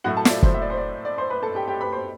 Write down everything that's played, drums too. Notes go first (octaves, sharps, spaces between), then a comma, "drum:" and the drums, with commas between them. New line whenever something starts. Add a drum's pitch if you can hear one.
A2 F#3 A3 F#4 F#5
A4 A5
E5, drum: snare
D5
C5, drum: kick
E5
D5
C5
D5
D5
C5 C6
B4 B5
A4 A5
G4 G5
G4 G5
B4 B5
C5 C6